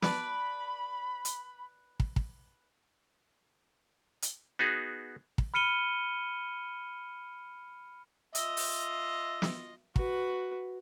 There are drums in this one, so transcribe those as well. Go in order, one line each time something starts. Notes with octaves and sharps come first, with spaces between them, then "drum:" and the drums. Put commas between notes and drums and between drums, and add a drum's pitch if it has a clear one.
B4 D5 A5 B5, drum: snare
drum: hi-hat
drum: kick
drum: kick
drum: hi-hat
B3 D#4 F#4 G#4
drum: kick
B5 F6 C#7 D#7 G7
F4 D#5 E5, drum: hi-hat
drum: open hi-hat
drum: snare
F#4 B4, drum: kick